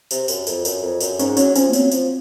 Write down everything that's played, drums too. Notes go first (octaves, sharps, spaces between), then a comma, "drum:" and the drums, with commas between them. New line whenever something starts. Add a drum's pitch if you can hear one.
C3, drum: tambourine
F#2, drum: tambourine
F2, drum: tambourine
F#2, drum: tambourine
F2
F#2, drum: tambourine
G#2 C#4, drum: tambourine
F#3 C#4, drum: tambourine
F3 C#4, drum: tambourine
A#3
F#3 C4, drum: tambourine
F3, drum: tambourine